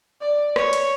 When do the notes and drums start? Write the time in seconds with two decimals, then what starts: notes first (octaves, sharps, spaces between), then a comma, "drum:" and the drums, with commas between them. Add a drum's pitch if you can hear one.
0.21 D5
0.56 C#5, drum: rim click
0.73 drum: hi-hat